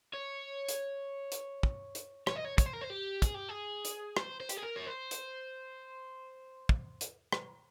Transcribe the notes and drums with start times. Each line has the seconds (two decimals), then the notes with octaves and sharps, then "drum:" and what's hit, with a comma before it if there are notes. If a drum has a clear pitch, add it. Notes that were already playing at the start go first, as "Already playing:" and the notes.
0.13 C#5
0.69 drum: hi-hat
1.32 drum: hi-hat
1.63 drum: kick
1.95 drum: hi-hat
2.27 C#5, drum: rim click
2.36 D#5
2.45 C#5
2.58 C#5, drum: kick, hi-hat
2.66 C5
2.73 A#4
2.81 C5
2.90 G4
3.22 G#4, drum: kick, hi-hat
3.35 G4
3.49 G#4
3.85 drum: hi-hat
4.17 C5, drum: rim click
4.40 C5
4.49 G4, drum: hi-hat
4.57 G#4
4.63 A#4
4.77 C#5
4.87 C5
5.11 drum: hi-hat
6.69 drum: kick
7.01 drum: hi-hat
7.33 drum: rim click